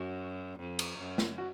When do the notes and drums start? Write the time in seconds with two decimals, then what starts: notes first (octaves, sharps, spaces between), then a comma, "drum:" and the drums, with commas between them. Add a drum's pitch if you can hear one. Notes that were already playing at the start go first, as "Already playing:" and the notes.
Already playing: F#2 F#4
0.60 F2
0.79 drum: cymbal
0.99 F#2
1.18 drum: snare
1.38 F#4